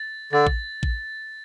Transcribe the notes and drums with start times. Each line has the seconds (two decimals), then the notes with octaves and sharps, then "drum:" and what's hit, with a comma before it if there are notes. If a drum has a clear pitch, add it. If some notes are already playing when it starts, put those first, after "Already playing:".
Already playing: A6
0.32 D3 A6
0.47 drum: kick A1
0.83 drum: kick A1